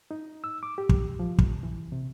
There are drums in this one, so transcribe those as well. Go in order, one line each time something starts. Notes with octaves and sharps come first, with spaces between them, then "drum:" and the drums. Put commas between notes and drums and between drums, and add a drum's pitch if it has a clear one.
D#4
E6
D6
G4
drum: kick
F3
drum: kick
E3
C3